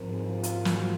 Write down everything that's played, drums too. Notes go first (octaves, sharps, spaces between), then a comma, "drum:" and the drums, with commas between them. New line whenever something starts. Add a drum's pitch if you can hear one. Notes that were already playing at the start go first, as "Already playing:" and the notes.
Already playing: G#2 F3 C4 A#4 C5
G#4
D#4
F4
F4, drum: hi-hat
F#4, drum: snare